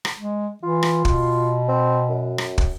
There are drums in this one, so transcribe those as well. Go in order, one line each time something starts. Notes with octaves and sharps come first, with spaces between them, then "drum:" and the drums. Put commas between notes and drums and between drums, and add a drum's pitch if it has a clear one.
drum: rim click
G#3
E3 F4
drum: rim click
B2, drum: kick
C4
F#2
drum: rim click
drum: kick